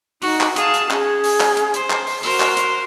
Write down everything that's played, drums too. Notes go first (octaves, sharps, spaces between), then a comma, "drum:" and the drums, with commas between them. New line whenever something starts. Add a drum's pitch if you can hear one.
D#4 F#4, drum: open hi-hat
drum: clap
G#4 F5 A5, drum: hi-hat
drum: hi-hat
C#4 G#4, drum: clap
drum: open hi-hat
drum: clap
drum: hi-hat
C5, drum: hi-hat
drum: clap
drum: open hi-hat
F#4 A#4 C5, drum: open hi-hat
drum: clap
drum: hi-hat